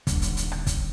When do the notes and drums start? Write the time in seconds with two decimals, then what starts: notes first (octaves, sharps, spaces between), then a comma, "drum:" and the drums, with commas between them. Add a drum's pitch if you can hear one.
0.07 D#1 D3, drum: kick, hi-hat
0.22 drum: hi-hat
0.37 drum: hi-hat
0.52 drum: rim click
0.67 drum: kick, hi-hat